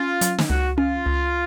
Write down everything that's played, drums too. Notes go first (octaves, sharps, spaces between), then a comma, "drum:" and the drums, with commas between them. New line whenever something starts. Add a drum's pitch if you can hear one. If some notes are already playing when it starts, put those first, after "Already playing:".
Already playing: C#4 F4
F#3, drum: hi-hat
drum: snare
C#2 F#4
C#4 F4
C#2